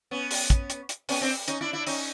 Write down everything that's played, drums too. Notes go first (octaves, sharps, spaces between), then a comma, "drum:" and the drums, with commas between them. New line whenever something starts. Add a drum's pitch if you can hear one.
B3 C#4
drum: open hi-hat
drum: kick, hi-hat
drum: hi-hat
drum: hi-hat
B3 C#4, drum: open hi-hat
C4 D4
C#4 D#4, drum: hi-hat
D4 E4
D4 E4
C#4 D#4, drum: open hi-hat